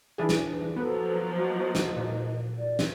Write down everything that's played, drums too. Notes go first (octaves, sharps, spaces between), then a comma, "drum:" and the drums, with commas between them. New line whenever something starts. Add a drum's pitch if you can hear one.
E3 D4 G#4
drum: snare
F3 F#3 A#3 B3 A4
D#5
drum: snare
A#2
D5
drum: snare